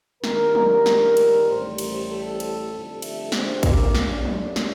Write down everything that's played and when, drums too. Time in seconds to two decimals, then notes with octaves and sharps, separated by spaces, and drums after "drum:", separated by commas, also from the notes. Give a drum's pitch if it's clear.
0.24 F2 D#3 G3 A#4, drum: snare
0.55 drum: tom
0.86 drum: snare
1.17 drum: cymbal
1.48 A1 A2 G3 C5
1.78 drum: cymbal
2.09 A4
2.40 drum: cymbal
2.70 F2 D3 G3
3.02 A3, drum: cymbal
3.32 C4, drum: snare
3.63 A#3, drum: kick, cymbal
3.95 A#1 A2 G3, drum: snare
4.25 drum: tom
4.56 drum: snare